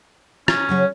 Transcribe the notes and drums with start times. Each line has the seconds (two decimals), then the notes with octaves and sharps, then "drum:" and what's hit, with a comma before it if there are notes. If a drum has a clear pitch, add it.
0.48 C#4, drum: rim click
0.69 C#3 F#3 C#5